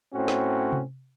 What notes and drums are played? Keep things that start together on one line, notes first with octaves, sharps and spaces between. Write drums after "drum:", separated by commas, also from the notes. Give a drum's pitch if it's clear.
A2 C4 C#4 F#4
drum: snare
drum: tom C3